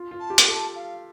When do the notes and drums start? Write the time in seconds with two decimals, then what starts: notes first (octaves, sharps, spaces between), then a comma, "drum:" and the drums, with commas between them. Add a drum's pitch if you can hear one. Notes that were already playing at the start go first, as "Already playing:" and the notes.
Already playing: F4
0.11 F4
0.20 A5
0.30 G4
0.38 G5, drum: hi-hat
0.48 A4 A5
0.75 F5